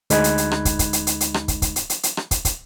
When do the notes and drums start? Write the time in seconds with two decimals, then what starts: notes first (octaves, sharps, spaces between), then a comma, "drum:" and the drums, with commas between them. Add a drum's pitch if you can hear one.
0.10 D2 G#3 D#4 B5 F#6 G#6, drum: hi-hat
0.24 drum: hi-hat
0.38 drum: hi-hat
0.51 drum: rim click
0.65 drum: kick, hi-hat
0.79 drum: kick, hi-hat
0.93 drum: hi-hat
1.07 drum: hi-hat
1.21 drum: hi-hat
1.34 drum: rim click
1.48 drum: kick, hi-hat
1.62 drum: kick, hi-hat
1.76 drum: hi-hat
1.90 drum: hi-hat
2.03 drum: hi-hat
2.17 drum: rim click
2.31 drum: kick, hi-hat
2.45 drum: kick, hi-hat